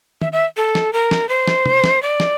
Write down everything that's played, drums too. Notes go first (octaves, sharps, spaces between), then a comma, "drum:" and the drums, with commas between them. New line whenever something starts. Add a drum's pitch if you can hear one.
E5, drum: tom D#3
E5
A4
drum: snare
A#4
drum: snare
C5
drum: snare
drum: tom
drum: snare
D5
drum: snare